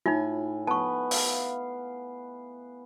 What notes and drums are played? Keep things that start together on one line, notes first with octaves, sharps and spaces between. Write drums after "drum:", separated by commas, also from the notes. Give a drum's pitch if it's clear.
A2 D#4 F4 G#5
B3 A5 C#6
F5, drum: open hi-hat